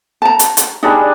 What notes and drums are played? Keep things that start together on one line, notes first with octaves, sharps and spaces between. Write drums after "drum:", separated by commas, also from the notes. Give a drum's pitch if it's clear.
A5 A#5
drum: hi-hat
drum: hi-hat
G3 D4 D#4 G#4